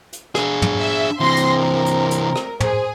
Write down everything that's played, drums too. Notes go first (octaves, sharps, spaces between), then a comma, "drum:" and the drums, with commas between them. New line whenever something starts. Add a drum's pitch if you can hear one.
drum: hi-hat
D4 G#4, drum: rim click
drum: tom
E5
C3 E3 C4 C6 A#6
drum: hi-hat
A#4
drum: hi-hat
drum: hi-hat
drum: rim click
G#4 C5, drum: tom